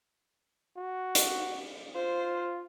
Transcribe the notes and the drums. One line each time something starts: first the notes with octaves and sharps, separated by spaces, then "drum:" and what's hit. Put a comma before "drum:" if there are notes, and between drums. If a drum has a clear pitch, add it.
F#4
drum: hi-hat
F4 C5